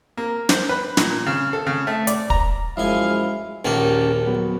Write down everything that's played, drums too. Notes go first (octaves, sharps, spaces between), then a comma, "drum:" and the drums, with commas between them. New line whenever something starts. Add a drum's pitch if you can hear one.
A#3
C5, drum: snare
B4
A#2, drum: snare
C#3
A4
C#3
A3
D5, drum: hi-hat
A#5, drum: kick
F#2 F3 G#3 E4 F5 G#5
A#1 D#2 A#3 C#4 G4 A5
F#3 B3